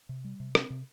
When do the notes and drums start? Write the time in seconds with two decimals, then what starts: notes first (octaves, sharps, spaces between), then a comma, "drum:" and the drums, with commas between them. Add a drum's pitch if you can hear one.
0.09 C3
0.24 G3
0.40 C3
0.55 C4, drum: rim click
0.70 C3